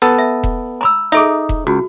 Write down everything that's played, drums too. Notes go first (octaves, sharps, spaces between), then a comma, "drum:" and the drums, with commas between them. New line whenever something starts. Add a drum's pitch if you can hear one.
B3 A4
E5
drum: kick E1
A#5 B5 E6
D#4 G#4 A4 E5
drum: kick E1
C#2 F#4